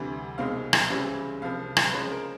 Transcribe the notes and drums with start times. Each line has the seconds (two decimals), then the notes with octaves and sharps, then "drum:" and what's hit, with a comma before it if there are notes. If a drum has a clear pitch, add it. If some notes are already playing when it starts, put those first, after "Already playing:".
Already playing: D2 C3 E3 G3
0.38 C2 B2 G#3 C4 D#4 F5
0.73 drum: rim click
0.90 C#2 C#3 E3 G3 C4
1.42 C2 C3 F3 F5
1.77 drum: rim click
1.89 B4
1.94 C#3 F3 G#3 C#4 C5
2.12 A#4